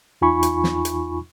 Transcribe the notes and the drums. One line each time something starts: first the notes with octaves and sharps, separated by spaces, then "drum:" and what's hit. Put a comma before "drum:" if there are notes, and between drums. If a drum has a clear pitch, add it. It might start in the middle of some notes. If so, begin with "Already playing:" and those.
E2 D#4 F4 G#5 B5 C#6
drum: hi-hat
drum: snare
drum: hi-hat